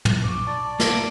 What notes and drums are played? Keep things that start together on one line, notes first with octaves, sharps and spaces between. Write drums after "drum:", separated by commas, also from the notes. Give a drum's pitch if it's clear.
drum: tom
B1 C#6 D6
D5 A5
A#3 A#6 D7, drum: snare